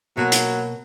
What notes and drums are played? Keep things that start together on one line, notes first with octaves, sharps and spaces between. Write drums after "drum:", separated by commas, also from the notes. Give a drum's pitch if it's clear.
B2 F#3 A#3
drum: hi-hat